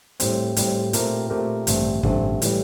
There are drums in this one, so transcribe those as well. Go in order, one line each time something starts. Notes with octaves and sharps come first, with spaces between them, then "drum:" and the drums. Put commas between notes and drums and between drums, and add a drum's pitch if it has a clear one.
A2 G3 C4, drum: hi-hat
A2 G3 C4, drum: hi-hat
A#2 A3 C4 G4 A#4, drum: hi-hat
A#2 A3 C4 G4 A#4
A1 G2 D3 A3 C4, drum: hi-hat
A1 G2 D3 A3 C4, drum: kick
A2 E3 G3, drum: hi-hat